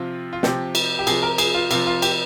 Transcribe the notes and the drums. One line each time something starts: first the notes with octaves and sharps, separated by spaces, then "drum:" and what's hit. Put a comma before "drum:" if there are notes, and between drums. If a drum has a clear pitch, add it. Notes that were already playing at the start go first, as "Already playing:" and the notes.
Already playing: C3 F3 F4
F4
C3 F3 G4, drum: snare
drum: cymbal
G4
C3 F3 G#4, drum: cymbal
A#4
G#4, drum: cymbal
F4
C3 F3 F4, drum: cymbal
F4
G4, drum: cymbal